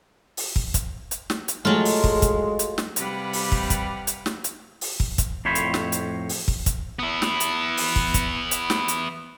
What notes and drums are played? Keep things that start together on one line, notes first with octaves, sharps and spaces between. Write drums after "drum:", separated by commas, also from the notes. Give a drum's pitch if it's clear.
drum: open hi-hat
drum: kick
drum: kick, hi-hat
drum: hi-hat
drum: snare
drum: hi-hat
F#3 G#3 A3 F4
drum: open hi-hat
drum: kick
drum: kick, hi-hat
drum: hi-hat
drum: snare
C3 G3 G4 B4 F5 F#5, drum: hi-hat
drum: open hi-hat
drum: kick
drum: kick, hi-hat
drum: hi-hat
drum: snare
drum: hi-hat
drum: open hi-hat
drum: kick
drum: kick, hi-hat
F2 A2 C5 C#5 B5
drum: hi-hat
drum: snare
drum: hi-hat
drum: open hi-hat
drum: kick
drum: kick, hi-hat
B3 E4
drum: snare
drum: hi-hat
drum: open hi-hat
drum: kick
drum: kick, hi-hat
drum: hi-hat
drum: snare
drum: hi-hat